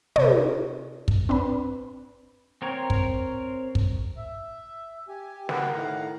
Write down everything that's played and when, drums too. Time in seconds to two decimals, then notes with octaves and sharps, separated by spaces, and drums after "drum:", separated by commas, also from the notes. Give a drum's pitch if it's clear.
0.16 C3 C#5, drum: tom
1.08 drum: kick
1.29 C4 D4 B4
2.62 C4 A#4 C#5
2.90 drum: kick
3.75 drum: kick
4.17 E5
5.08 G4 G#5
5.49 F#4 A#4 B4 F#5 G5, drum: snare
5.73 A2 D#3 F5 F#5 A#5